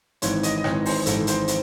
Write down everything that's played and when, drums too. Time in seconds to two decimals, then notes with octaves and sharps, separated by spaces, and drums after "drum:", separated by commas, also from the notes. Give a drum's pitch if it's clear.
0.22 G#1 G#2 E3 C4 C#5, drum: hi-hat
0.43 D#5, drum: hi-hat
0.57 D#5
0.64 G#1 G#2 E3 C4 C#5, drum: rim click
0.86 C5, drum: open hi-hat
1.06 G#1 G#2 E3 C4 A4, drum: hi-hat
1.27 C5, drum: hi-hat
1.48 C4, drum: hi-hat